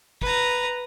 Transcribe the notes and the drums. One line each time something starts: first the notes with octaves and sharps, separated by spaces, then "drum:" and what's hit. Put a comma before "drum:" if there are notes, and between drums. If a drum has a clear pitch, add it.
B4 A#5, drum: kick